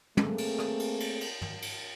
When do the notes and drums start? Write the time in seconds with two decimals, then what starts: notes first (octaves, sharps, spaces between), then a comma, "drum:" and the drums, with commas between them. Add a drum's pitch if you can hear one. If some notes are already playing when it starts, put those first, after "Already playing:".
0.17 A3 A#3 C4 G#4 A4, drum: tom
0.38 drum: cymbal
0.59 drum: rim click
0.79 drum: cymbal
1.00 drum: cymbal
1.21 drum: cymbal
1.41 drum: tom
1.62 drum: cymbal